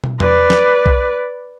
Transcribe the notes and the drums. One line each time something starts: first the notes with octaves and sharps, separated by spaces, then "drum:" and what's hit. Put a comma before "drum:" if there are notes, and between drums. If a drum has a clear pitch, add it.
drum: tom
B4 D5, drum: tom E2
drum: snare
drum: kick B1